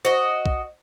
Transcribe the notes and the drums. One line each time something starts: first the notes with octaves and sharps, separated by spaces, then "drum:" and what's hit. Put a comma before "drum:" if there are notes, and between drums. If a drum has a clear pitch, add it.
F#4 C5 D#5
drum: kick